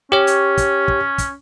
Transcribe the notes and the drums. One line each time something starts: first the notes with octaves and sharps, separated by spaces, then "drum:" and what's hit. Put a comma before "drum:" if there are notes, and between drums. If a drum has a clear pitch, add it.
C#4 G4 C#5
drum: hi-hat
drum: kick, hi-hat
drum: kick
drum: kick, hi-hat